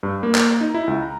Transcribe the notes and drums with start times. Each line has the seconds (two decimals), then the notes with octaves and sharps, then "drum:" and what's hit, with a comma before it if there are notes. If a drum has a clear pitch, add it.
0.03 G2
0.23 A#3
0.35 drum: clap
0.61 D#4
0.74 E4
0.88 C#2
1.02 A#5